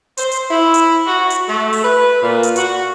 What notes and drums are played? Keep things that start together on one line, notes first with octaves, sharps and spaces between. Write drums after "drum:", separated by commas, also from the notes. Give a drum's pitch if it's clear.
C5, drum: hi-hat
drum: hi-hat
E4
drum: hi-hat
F#4
drum: hi-hat
A3
drum: open hi-hat
B4
A#2
drum: hi-hat
F#4, drum: hi-hat